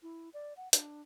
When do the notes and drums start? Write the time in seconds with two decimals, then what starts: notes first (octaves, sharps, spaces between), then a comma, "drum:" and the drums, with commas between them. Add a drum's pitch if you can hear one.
0.03 E4
0.34 D5
0.57 F#5
0.73 D4, drum: hi-hat